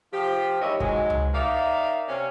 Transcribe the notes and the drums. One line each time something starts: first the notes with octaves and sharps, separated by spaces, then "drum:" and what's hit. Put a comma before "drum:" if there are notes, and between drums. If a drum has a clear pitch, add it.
F3 F4 G4
D#2 G#2 E4 C#5 D#5
G#2 F#3 G#3, drum: kick
drum: tom C#2
D#4 A#4 D5 E5 F5
C3 C4 C#4